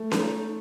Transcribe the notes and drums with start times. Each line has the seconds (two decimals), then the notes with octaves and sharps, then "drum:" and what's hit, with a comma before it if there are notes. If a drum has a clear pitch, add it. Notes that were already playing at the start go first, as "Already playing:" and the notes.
Already playing: A3
0.11 D#4, drum: snare C#4